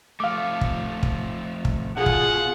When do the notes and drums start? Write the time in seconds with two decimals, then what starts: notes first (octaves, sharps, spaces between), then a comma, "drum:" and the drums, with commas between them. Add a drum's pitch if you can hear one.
0.20 F3 A3 F5 D6
0.61 drum: kick
1.03 drum: kick
1.65 drum: kick
1.97 B2 F4 G#4 F#5
2.06 drum: kick